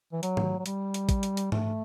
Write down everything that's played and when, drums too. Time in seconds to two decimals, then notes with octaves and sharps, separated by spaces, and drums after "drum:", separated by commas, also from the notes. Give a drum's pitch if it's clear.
0.13 E3
0.23 F#3, drum: hi-hat
0.37 drum: tom
0.59 F#3
0.66 G3, drum: hi-hat
0.94 drum: hi-hat
1.09 drum: kick, hi-hat
1.23 drum: hi-hat
1.37 drum: hi-hat
1.52 A3, drum: tom G#2